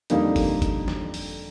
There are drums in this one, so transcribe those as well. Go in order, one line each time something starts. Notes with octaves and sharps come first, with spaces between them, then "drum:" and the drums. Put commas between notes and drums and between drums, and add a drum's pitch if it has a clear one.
F2 D3 G3 A#3 D#4, drum: hi-hat
drum: kick F#1, open hi-hat
drum: kick F#1, hi-hat
drum: snare
drum: open hi-hat